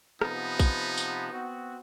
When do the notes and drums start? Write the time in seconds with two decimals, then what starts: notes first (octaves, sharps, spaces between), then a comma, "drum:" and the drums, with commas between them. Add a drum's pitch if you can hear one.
0.21 C3 F3 B3 D#4, drum: rim click
0.59 drum: kick, tambourine
0.97 drum: tambourine
1.32 B3 C4 F#4